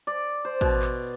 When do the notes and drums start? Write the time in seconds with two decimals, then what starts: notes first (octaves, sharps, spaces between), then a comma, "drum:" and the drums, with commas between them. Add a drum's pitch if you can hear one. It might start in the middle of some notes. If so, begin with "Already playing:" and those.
0.07 D5
0.45 C5
0.61 B2, drum: kick, cymbal
0.82 drum: clap